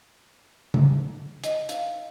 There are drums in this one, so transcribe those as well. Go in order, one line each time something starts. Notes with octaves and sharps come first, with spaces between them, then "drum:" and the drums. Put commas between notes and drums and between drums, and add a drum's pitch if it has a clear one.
drum: tom C#3
D#5, drum: hi-hat
F5, drum: hi-hat